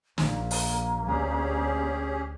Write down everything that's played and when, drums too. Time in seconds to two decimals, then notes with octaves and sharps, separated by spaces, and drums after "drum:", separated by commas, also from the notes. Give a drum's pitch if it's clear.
0.18 A#1 A#3, drum: snare
0.51 drum: open hi-hat
1.07 D2 C#4 G4 G#4